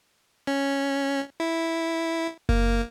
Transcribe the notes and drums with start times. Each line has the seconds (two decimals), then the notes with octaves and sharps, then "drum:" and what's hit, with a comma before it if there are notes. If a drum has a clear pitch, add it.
0.47 C#4
1.40 E4
2.49 A#3, drum: kick F#1